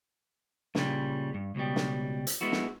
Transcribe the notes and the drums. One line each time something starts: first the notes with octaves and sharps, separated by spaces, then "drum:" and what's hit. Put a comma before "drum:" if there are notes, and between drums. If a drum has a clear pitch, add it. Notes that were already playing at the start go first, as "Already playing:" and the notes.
A#2 C#3 G3, drum: snare
G2
C#2 B2 G3
drum: snare
drum: hi-hat
G#3 B3 E4 F#4
drum: snare